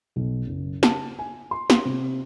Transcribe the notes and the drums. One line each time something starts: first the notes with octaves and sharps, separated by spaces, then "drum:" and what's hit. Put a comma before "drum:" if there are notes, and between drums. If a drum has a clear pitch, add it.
B1
F#1
A5, drum: snare
G#5
C6
C6, drum: snare
C3